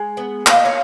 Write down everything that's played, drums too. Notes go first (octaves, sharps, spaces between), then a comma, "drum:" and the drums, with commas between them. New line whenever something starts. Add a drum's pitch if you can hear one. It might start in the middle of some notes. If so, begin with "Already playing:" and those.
Already playing: G#3
B3
A#3 F5, drum: clap
D#5
C#5 F5